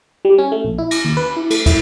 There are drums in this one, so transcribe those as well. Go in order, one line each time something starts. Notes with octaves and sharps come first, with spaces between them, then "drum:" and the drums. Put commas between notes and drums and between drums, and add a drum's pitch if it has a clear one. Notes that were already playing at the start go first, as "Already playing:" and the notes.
G3
C#4
A3
A#1
E4
A#6, drum: cymbal
D#2
B4
E4
A3, drum: cymbal
E4, drum: kick, cymbal